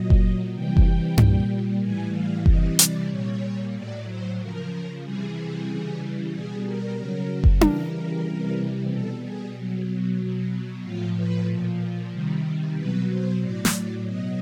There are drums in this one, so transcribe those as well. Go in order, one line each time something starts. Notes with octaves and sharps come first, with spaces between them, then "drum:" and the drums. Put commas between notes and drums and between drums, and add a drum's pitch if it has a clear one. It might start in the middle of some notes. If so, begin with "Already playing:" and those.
Already playing: A#2 F#3 D#5
drum: kick F#1
C3 E3 G3 G5
drum: kick F#1
A#2 G3, drum: tom G2
A2 E3 G3 G#5
F5
C3 E3 G3 D#5, drum: kick F#1
D5, drum: hi-hat
A#2 G3 C#5
A2 F#3 D5
C5
C#3 F3 A#4
C3 E3 G3 G#4
C#3 E3 G3
B2 G3 G#4
A#4
C#3 F#3
drum: kick F#1
C#3 E3 G3 A#4, drum: tom D4
C3 E3 G3
B2 G3 A4
G#4
B2 F#3
B2 F#3
A2 F3 F4
B4
A#2 F3
C3 D#3 G3
B2 F#3 B4
C5
A2 F#3 D5
drum: snare
B2 F#3 D#5